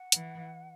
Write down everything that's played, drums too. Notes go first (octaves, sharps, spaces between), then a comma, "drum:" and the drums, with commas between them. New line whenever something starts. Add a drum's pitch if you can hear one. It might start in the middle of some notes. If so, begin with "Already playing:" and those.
Already playing: F#5
E3, drum: hi-hat